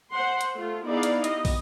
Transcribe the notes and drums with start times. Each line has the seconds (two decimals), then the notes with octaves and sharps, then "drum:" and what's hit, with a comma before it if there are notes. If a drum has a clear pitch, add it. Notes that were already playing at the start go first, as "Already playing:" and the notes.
0.12 C5 F#5 C6
0.41 drum: hi-hat
0.56 A3 F4
0.87 B3 D#4 E4 G#4 D5 F5
1.03 drum: hi-hat
1.24 B3 G4 D#5, drum: hi-hat
1.45 drum: kick, open hi-hat